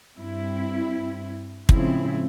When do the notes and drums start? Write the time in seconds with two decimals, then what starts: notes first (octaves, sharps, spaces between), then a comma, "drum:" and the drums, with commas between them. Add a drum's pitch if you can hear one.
0.17 G2 C4 E4
1.69 A2 C#3 F3 G#3 C4 E4, drum: kick